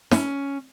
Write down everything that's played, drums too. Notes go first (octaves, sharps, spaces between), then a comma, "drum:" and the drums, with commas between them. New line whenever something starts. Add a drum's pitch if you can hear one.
C#4, drum: snare